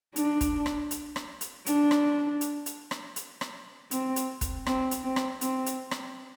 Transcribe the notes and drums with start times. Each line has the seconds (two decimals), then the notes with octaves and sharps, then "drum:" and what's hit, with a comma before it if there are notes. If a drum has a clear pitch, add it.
0.16 D4, drum: hi-hat
0.41 drum: kick, hi-hat
0.66 drum: rim click
0.91 drum: hi-hat
1.16 drum: rim click
1.41 drum: hi-hat
1.66 D4, drum: hi-hat
1.91 drum: rim click
2.41 drum: hi-hat
2.66 drum: hi-hat
2.91 drum: rim click
3.16 drum: hi-hat
3.41 drum: rim click
3.91 C4, drum: hi-hat
4.16 drum: hi-hat
4.41 drum: kick, hi-hat
4.66 C4, drum: rim click
4.91 drum: hi-hat
5.03 C4
5.16 drum: rim click
5.41 C4, drum: hi-hat
5.66 drum: hi-hat
5.91 drum: rim click